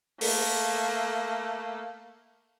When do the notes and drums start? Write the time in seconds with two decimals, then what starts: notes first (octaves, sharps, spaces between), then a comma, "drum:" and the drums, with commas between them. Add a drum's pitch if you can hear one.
0.21 A3 A#3, drum: open hi-hat